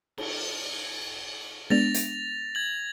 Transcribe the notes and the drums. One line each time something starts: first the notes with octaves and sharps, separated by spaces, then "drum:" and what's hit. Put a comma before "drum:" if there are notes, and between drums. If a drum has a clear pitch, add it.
drum: cymbal
G#3 B3 D4 A6 A#6 F7
drum: hi-hat
G#6 F#7